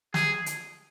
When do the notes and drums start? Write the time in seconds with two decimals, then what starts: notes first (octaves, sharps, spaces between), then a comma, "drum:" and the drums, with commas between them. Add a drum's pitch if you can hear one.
0.14 G#4, drum: snare
0.46 drum: hi-hat